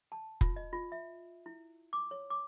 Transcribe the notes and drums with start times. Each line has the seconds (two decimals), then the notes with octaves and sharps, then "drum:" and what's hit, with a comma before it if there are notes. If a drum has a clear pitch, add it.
0.12 A5
0.41 F4, drum: kick F1
0.56 D#5
0.73 F4
0.92 E5
1.46 E4
1.93 D6
2.11 C#5
2.30 D6